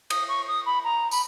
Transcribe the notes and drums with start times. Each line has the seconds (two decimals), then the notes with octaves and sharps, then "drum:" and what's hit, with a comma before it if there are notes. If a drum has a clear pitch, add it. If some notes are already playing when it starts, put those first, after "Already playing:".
0.10 D#6, drum: cymbal
0.29 C#6
0.48 D#6
0.66 B5
0.84 A#5
1.11 B5, drum: tambourine